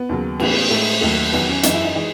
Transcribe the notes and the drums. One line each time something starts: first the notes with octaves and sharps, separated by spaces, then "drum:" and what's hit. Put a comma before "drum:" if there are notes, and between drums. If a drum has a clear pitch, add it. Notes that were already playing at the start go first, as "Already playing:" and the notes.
Already playing: B3
D#2 C#3 F#3
A2 E3 G#3 B3, drum: cymbal
A2 G#3 A3
D#2 D#3 F#3 A3
E2 D#3 F#3 B3
C#4
F#2 E3 G#3 D#4, drum: hi-hat
E4
D#4
E3 G#3 D#4